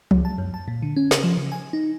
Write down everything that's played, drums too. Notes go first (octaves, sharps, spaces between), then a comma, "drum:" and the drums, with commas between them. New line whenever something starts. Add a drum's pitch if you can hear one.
C#2, drum: tom F3
A5
F#2
A5
A#2
D3
C#4
C#3, drum: snare
F3
C#3
G#5
D#4